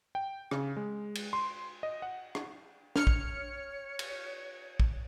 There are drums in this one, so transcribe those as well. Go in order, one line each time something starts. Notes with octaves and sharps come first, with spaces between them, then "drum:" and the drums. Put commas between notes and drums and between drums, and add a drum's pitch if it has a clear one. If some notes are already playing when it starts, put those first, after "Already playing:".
G5
C#3, drum: rim click
G#3
drum: cymbal
C6
D#5
F#5
drum: rim click
C#5 F6 C#7, drum: snare
drum: kick
drum: cymbal
drum: kick